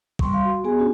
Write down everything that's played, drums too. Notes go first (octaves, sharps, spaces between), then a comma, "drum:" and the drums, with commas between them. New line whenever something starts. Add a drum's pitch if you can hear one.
G3 C6 C#6, drum: kick
F5 C6
F#4
B3 G4 G#4 G#5
C#4 D4 F#4 G4